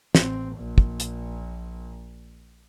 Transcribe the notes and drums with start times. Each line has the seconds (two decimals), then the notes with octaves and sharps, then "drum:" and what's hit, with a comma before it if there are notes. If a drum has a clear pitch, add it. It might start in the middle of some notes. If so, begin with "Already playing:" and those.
0.15 A1 C4, drum: snare
0.57 A#1 A#2
0.78 drum: kick
1.00 drum: hi-hat